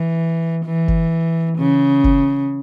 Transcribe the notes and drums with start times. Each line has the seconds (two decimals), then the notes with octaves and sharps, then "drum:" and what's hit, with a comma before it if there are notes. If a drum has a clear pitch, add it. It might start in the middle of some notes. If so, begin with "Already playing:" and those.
Already playing: E3
0.65 E3
0.88 drum: kick F#1
1.58 C#3
2.04 drum: kick F#1